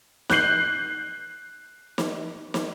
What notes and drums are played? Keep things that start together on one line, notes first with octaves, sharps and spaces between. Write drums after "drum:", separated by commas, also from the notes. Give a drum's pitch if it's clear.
F#6 G6 C7 F#7, drum: snare
drum: snare
drum: snare